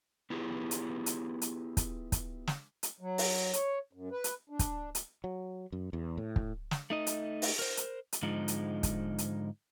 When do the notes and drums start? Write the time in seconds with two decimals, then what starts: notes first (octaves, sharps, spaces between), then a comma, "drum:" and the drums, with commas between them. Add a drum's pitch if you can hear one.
0.30 B3 E4 F4 G4 G#4
0.71 drum: hi-hat
1.06 drum: hi-hat
1.42 drum: hi-hat
1.77 drum: kick, hi-hat
2.12 drum: kick, hi-hat
2.47 drum: snare
2.83 drum: hi-hat
3.00 F#3
3.18 drum: open hi-hat
3.53 C#5, drum: hi-hat
3.93 F#2
4.11 B4
4.24 drum: hi-hat
4.49 D4
4.59 drum: kick, hi-hat
4.95 drum: hi-hat
5.24 F#3
5.72 F#2
5.93 E2
6.18 A2
6.36 drum: kick
6.71 drum: snare
6.90 A3 D#4 D#5
7.07 drum: hi-hat
7.42 drum: open hi-hat
7.59 A#4 C5
7.77 drum: hi-hat
8.12 drum: hi-hat
8.22 G#2 D3 F3 G#3 D#4
8.48 drum: hi-hat
8.83 drum: kick, hi-hat
9.18 drum: hi-hat